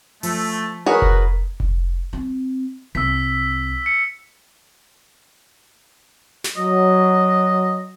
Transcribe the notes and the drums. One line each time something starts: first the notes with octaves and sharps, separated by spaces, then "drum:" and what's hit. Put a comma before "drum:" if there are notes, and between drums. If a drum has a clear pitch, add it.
F3 A3, drum: open hi-hat
F#4 G#4 A#4 B4 C#5 B5
drum: kick F1
drum: kick F1
C4
C2 E6 B6
C#7
drum: snare
F#3 D#5